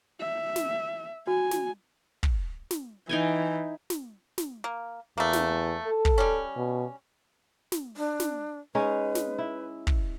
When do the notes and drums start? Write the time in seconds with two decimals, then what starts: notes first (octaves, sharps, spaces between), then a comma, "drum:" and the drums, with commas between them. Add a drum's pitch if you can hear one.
0.20 E5
0.56 drum: snare
1.27 F#4 G#5
1.51 drum: snare
2.23 drum: kick
2.71 drum: snare
3.09 E3 D#4 G5 G#5
3.90 drum: snare
4.38 drum: snare
4.64 A#3
5.18 E2 A3 A#3
5.33 drum: snare
5.87 A4
6.05 drum: kick
6.18 G3 C#4
6.57 B2
7.72 drum: snare
7.97 D4
8.20 drum: snare
8.75 G#3 C#4 D#4 B4
9.15 drum: snare
9.38 E4
9.87 drum: kick